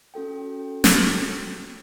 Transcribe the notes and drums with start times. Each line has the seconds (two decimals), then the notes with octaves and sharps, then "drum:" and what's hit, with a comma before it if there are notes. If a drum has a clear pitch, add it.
0.14 C#4 F#4 A4 G5
0.84 drum: snare